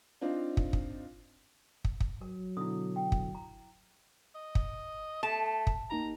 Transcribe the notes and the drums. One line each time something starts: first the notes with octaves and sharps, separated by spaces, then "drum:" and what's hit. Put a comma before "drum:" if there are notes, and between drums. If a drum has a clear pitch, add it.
C4 D4 D#4 F4
drum: kick
drum: kick
drum: kick
drum: kick
F#3 A#4
B2 D3 E4 D#6
G5
drum: kick
A#5
D#5
drum: kick
A3 A5
drum: kick
A#3 D#4 G4 A#5